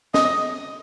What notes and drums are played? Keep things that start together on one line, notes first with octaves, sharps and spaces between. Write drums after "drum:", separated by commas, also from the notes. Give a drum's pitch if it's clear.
D#5, drum: snare